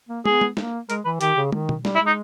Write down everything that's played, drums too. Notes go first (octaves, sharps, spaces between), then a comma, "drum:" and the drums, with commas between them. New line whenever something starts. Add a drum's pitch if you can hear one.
A#3
B3 G#4, drum: tom
drum: tom
A#3, drum: snare
G#3 A#4, drum: hi-hat
E3 B4
D#3 G4, drum: hi-hat
C#3
D#3, drum: tom
drum: tom B2
G3, drum: snare
E4
G#3
D#4